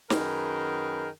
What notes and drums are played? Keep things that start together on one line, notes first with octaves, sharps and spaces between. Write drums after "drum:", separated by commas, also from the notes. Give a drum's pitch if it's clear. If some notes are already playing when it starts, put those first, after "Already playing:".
F#2 D#3 G#4 A#4 B4 G5, drum: snare